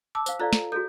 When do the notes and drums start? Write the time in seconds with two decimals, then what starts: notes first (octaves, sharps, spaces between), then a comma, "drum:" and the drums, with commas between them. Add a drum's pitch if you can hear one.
0.15 A5 D6 E6
0.26 C5 F5, drum: tambourine
0.39 F4 A4 D5 F5 A#5 F#6
0.53 drum: snare
0.72 F#4 G#4 A4 G6